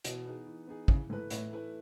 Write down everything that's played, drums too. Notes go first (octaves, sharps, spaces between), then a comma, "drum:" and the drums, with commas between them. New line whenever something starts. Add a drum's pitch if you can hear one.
B2 E3, drum: hi-hat
B3 D#4 G#4
E3
B3 D#4 G#4
C#3 E3, drum: kick
G#2 A3 E4 B4
A2 E3, drum: hi-hat
A3 E4 B4